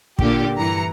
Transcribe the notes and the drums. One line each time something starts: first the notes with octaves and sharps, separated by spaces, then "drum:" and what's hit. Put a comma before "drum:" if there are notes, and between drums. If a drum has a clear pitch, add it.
A#2 D3 G4, drum: kick
G2 E3 A#5 C#7